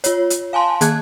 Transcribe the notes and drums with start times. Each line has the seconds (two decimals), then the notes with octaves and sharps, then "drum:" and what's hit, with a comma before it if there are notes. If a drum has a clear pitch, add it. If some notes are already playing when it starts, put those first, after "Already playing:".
0.04 F4 C#5, drum: hi-hat
0.30 drum: hi-hat
0.53 F5 G#5 A5 C6
0.81 D#3 A#3 G#4 A5 F#6 G#6, drum: hi-hat